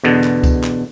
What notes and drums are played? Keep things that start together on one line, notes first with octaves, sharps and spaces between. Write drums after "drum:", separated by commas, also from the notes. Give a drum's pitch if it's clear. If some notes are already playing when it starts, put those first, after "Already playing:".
E2 B2 D3
drum: clap
drum: kick C#2, tambourine
drum: clap